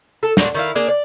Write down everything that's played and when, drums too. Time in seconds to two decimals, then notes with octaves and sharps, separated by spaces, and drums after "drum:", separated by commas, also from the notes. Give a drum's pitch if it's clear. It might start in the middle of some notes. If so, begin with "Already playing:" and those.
0.23 A4
0.37 A#2 D4 F#4, drum: snare
0.55 D#3 E4 F5
0.75 A#3 D4 G#4
0.88 D5